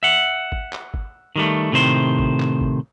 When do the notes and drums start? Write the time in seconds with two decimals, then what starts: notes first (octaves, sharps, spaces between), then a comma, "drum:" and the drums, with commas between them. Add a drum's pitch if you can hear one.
0.03 E5 F#5
0.52 drum: kick G#1
0.73 drum: clap
0.94 drum: kick G#1
1.36 D#3 G3 A3
1.72 A2 C3 D#3 C5
2.19 drum: kick G#1
2.40 drum: clap
2.61 drum: kick G#1